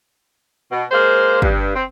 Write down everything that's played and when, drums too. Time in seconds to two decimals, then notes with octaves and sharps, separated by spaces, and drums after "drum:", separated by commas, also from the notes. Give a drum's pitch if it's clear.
0.71 B2
0.91 G#3 A#3 C5
1.42 G2, drum: kick
1.75 C4